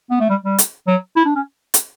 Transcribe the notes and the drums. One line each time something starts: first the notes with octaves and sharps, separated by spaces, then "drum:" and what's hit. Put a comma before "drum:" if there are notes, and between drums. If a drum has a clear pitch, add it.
B3
A3
G3
G3
drum: hi-hat
F#3
E4
D4
C#4
drum: hi-hat